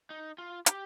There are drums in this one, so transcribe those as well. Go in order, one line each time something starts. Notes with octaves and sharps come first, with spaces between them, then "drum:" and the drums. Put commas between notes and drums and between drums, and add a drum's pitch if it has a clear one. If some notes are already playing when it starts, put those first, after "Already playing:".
D#4
F4
G4, drum: hi-hat